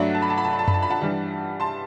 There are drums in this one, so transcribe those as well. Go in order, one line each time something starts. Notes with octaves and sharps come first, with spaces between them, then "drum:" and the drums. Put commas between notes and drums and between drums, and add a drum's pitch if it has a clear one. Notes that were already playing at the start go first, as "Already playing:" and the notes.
Already playing: G2 F#3 A3 D5 F#5
A5
B5
A5
B5
A5
B5
A5
B5, drum: tom F#2
A5
B5
F#5 A5
G2 E3 G3
A5 C6